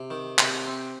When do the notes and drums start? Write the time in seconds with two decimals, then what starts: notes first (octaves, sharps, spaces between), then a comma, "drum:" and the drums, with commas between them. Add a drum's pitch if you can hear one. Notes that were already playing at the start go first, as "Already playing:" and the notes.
Already playing: C3
0.10 D#3
0.38 C3, drum: clap
0.67 C4